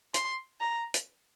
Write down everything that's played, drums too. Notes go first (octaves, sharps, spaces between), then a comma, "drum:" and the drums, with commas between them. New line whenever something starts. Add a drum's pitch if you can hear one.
C6, drum: hi-hat
A#5
drum: hi-hat